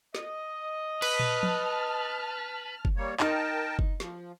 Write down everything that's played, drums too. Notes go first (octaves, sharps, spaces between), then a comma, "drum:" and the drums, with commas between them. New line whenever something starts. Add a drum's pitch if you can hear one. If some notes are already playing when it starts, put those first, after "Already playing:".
D#5, drum: snare
B4 A5 F6, drum: cymbal
drum: tom A#2
drum: tom F3
drum: kick F#1
G3 A#3 C#5
D#4 A#4 G5 A5, drum: clap
drum: kick F#1
F3, drum: snare